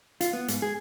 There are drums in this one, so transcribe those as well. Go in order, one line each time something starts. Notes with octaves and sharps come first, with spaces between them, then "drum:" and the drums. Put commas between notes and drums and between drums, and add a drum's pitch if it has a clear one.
F4, drum: hi-hat
B3
G#2, drum: hi-hat
G#4